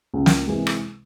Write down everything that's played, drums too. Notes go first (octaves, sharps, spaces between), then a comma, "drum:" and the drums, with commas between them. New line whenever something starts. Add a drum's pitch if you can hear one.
C#2
drum: snare
C3 E3 G#3
drum: rim click